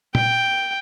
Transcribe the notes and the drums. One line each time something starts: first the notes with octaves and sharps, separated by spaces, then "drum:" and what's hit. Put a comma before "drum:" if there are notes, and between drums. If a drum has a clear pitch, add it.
G5, drum: tom